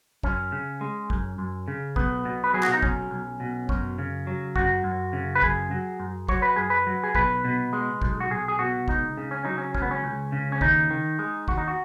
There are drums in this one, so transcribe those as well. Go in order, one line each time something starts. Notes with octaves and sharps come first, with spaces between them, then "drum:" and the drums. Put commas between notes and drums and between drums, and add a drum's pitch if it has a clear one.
F#2 C#4, drum: kick
C#3
G#3
F#2, drum: kick
F#2
C#3
B1 B3, drum: kick
B2
B4
F#3 G#4
F#4, drum: clap
D#4
B1 C#4, drum: kick
B1
B2
F#2 C#4, drum: kick
C#3
F#3
F#2 F#4, drum: kick
F#2
C#3
B4
F#2 G#4, drum: kick
F#3
F#2
F#3 C#5, drum: kick
B4
F#2 G#4
B4
F#3
G#4
B1 B4, drum: kick
B2
G#3
B1, drum: kick
F#4
B1 G#4
G#4
B2 F#4
C#2 D#4, drum: kick
C#3
C#4
F#3 D#4
C#4
C#2 C#4, drum: kick
B3
C#4
C#2
C#3
C#4
D#2 D#4, drum: kick
D#3
G#3
D#2 F#4, drum: kick
D#4
F#4